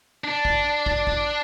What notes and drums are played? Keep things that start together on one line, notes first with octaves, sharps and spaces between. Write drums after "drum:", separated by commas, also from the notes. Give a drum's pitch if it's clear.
D4
drum: kick
drum: kick
drum: kick